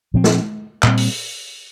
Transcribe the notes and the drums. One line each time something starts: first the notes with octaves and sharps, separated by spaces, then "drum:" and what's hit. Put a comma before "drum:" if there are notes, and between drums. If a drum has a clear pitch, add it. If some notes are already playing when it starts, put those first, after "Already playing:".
A#2 F3 C4
drum: snare
A#2 G3 C4, drum: clap
drum: open hi-hat